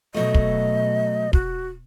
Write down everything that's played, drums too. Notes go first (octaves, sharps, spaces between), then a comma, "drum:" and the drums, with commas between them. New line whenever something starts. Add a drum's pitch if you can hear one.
B2 F#3 A3 D#5
drum: kick
F#4, drum: kick